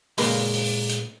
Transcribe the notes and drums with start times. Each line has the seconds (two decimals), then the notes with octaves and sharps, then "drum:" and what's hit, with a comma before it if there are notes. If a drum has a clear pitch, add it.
0.18 A#2 G#3 A#4 B4 B5, drum: open hi-hat
0.54 drum: open hi-hat
0.90 drum: hi-hat